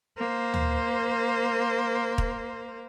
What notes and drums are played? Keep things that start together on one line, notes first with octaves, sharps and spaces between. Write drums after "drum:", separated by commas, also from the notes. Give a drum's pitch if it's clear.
A#3 C5
drum: tom
drum: kick